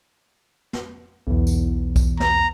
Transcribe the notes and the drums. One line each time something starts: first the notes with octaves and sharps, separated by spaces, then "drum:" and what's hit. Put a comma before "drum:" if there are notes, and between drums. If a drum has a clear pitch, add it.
drum: snare
B1 E2
drum: tambourine
drum: kick, tambourine
A#5, drum: snare